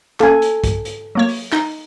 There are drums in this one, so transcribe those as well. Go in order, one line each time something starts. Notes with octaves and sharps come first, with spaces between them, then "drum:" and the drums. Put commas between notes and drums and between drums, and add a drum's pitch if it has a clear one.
A#3 C#4 A4 G#5, drum: clap
drum: hi-hat
drum: kick, hi-hat
drum: hi-hat
F#3 A#3 C#5
drum: open hi-hat
D#4, drum: clap